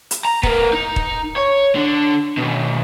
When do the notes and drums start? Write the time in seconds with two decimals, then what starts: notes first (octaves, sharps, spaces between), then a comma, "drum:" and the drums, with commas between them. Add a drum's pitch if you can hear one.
0.11 drum: hi-hat
0.25 A#5
0.43 B3 A#4, drum: kick
0.73 D#4
0.96 drum: kick
1.36 C#5
1.75 D3 D4
2.37 B2 D#3